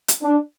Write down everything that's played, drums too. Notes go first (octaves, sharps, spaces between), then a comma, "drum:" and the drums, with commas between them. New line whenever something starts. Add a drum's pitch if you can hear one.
drum: hi-hat
D4